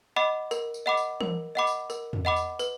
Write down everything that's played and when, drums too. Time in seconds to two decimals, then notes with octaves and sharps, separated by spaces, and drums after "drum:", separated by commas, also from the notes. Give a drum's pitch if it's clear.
0.16 D#5 F#5 B5 D6
0.51 A#4, drum: tambourine
0.74 drum: tambourine
0.86 D#5 F#5 B5 D6
0.97 drum: tambourine
1.21 A#4, drum: tom E3
1.55 D#5 F#5 B5 D6
1.67 drum: tambourine
1.90 A#4, drum: tambourine
2.13 drum: tom E2
2.25 D#5 F#5 B5 D6
2.36 drum: tambourine
2.59 B4, drum: tambourine